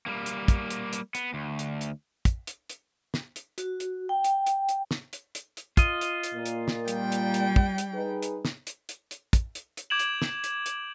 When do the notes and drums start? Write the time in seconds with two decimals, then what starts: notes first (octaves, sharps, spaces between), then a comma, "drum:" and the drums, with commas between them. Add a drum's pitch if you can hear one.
0.06 G3 A#3
0.26 drum: hi-hat
0.48 drum: kick, hi-hat
0.70 drum: hi-hat
0.93 drum: hi-hat
1.15 B3, drum: hi-hat
1.34 D2
1.59 drum: hi-hat
1.81 drum: hi-hat
2.25 drum: kick, hi-hat
2.47 drum: hi-hat
2.70 drum: hi-hat
3.14 drum: snare
3.36 drum: hi-hat
3.58 F#4, drum: hi-hat
3.80 drum: hi-hat
4.09 G5
4.24 drum: hi-hat
4.46 drum: hi-hat
4.69 drum: hi-hat
4.91 drum: snare
5.13 drum: hi-hat
5.35 drum: hi-hat
5.57 drum: hi-hat
5.77 F4 D#5, drum: kick, hi-hat
6.01 drum: hi-hat
6.23 drum: hi-hat
6.34 A#2 A#3
6.46 drum: hi-hat
6.68 drum: snare
6.88 G3 G5, drum: hi-hat
7.12 drum: hi-hat
7.34 drum: hi-hat
7.56 drum: kick
7.78 drum: hi-hat
7.93 D#4 G#4 B4
8.23 drum: hi-hat
8.45 drum: snare
8.67 drum: hi-hat
8.89 drum: hi-hat
9.11 drum: hi-hat
9.33 drum: kick, hi-hat
9.55 drum: hi-hat
9.77 drum: hi-hat
9.90 D6 G6 G#6 D7 E7 F#7
9.99 drum: hi-hat
10.22 drum: snare
10.44 drum: hi-hat
10.66 drum: hi-hat